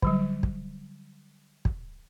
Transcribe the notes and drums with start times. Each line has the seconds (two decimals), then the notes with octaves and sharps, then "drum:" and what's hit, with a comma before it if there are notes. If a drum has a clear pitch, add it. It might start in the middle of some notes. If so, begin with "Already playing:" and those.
0.02 D3 F#3 G3, drum: kick
0.43 drum: kick
1.65 drum: kick